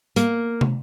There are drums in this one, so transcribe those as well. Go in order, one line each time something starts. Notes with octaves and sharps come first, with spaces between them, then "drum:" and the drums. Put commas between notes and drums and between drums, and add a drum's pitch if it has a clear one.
A#3, drum: hi-hat
drum: tom